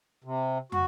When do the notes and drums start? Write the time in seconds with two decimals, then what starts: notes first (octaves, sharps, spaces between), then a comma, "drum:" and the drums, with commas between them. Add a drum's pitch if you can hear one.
0.24 C3
0.72 F#4, drum: tom